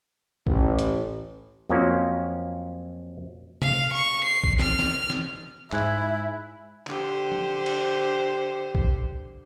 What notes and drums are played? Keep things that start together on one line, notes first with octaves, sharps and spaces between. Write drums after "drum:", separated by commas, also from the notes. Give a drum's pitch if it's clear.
A1, drum: kick A#1
drum: hi-hat
F2 F3 F#3 A#3 C#4
F5, drum: tom C3
C#6
C7
drum: kick A#1
F6, drum: snare
drum: snare
drum: snare
G#2 E4 E5 G#5 F#6 G#6, drum: clap
D3 G4 C5, drum: clap
drum: tom F3
drum: cymbal
drum: kick A#1